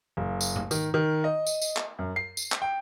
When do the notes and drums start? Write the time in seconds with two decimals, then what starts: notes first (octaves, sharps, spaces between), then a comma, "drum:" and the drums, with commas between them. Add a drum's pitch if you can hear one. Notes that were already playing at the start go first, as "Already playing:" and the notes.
0.17 F#1
0.41 drum: tambourine
0.56 drum: tom G#2
0.71 D#3, drum: tambourine
0.94 D#3
1.24 D#5
1.46 drum: tambourine
1.62 drum: tambourine
1.77 drum: clap
1.99 F#2
2.16 C7
2.37 drum: tambourine
2.52 drum: clap
2.62 G5